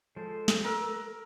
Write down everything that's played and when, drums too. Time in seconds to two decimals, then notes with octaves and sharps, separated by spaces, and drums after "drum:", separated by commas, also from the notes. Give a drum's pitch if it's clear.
0.16 F3 G#3 A4 C5
0.48 drum: snare
0.64 A#4 B4 E6